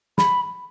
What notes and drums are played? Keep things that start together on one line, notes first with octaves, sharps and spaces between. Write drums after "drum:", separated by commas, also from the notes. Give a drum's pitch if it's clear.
B5, drum: snare